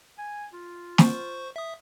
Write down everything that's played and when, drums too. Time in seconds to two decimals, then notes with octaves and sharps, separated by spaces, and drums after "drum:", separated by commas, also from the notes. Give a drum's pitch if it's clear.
0.18 G#5
0.53 F4
0.98 C5 C#6, drum: snare
1.56 E5 D#6